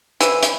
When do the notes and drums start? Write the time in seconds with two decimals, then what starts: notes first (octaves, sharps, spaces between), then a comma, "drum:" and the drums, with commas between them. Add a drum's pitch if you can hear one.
0.21 E3, drum: hi-hat
0.43 drum: hi-hat